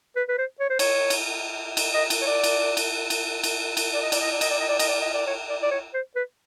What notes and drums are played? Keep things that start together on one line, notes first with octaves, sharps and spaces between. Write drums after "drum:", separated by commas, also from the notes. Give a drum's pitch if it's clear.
B4
B4
C5
C#5
C5
C#5, drum: cymbal
drum: cymbal
drum: cymbal
D#5
drum: cymbal
C#5
D5
drum: cymbal
drum: cymbal
drum: cymbal
drum: cymbal
drum: cymbal
D5
D#5
D5, drum: cymbal
D#5
D5
D#5, drum: cymbal
D5
D#5
D5
D#5, drum: cymbal
D5
D#5
D5
C#5
D5
D5
C#5
C5
B4